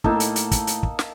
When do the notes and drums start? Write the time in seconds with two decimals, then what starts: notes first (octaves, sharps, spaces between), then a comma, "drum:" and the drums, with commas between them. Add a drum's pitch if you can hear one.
0.04 A2 A#3 D#4 A4 E6, drum: kick
0.20 drum: hi-hat
0.36 drum: hi-hat
0.51 drum: kick, hi-hat
0.67 drum: hi-hat
0.83 drum: kick
0.99 drum: snare